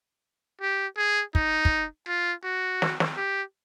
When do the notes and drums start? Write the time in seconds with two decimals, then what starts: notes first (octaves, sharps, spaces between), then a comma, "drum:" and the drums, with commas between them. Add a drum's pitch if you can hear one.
0.61 G4
0.97 G#4
1.35 D#4, drum: kick
1.65 drum: kick
2.08 F4
2.44 F#4
2.82 drum: snare
3.00 drum: snare
3.17 G4